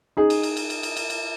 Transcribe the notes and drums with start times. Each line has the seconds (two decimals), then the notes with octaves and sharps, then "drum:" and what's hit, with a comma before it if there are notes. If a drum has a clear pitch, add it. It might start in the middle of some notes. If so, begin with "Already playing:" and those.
0.17 D#4 G#4
0.30 drum: cymbal
0.43 drum: cymbal
0.57 drum: cymbal
0.70 drum: cymbal
0.83 drum: cymbal
0.97 drum: cymbal
1.10 drum: cymbal